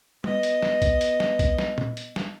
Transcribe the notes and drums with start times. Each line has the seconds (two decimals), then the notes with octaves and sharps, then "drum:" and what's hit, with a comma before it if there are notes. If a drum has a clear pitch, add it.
0.24 B3 D#5, drum: tom
0.43 drum: hi-hat
0.63 drum: snare
0.82 drum: kick, hi-hat
1.01 drum: hi-hat
1.20 drum: snare
1.39 drum: kick, hi-hat
1.59 drum: snare
1.78 drum: tom
1.97 drum: hi-hat
2.16 drum: snare